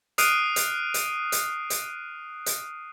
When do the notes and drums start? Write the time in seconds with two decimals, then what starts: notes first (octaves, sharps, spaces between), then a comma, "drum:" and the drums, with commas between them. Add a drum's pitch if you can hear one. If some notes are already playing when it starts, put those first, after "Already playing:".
0.18 D#6 F6 F#6 C7 D7 D#7, drum: hi-hat
0.56 drum: hi-hat
0.94 drum: hi-hat
1.32 drum: hi-hat
1.70 drum: hi-hat
2.46 drum: hi-hat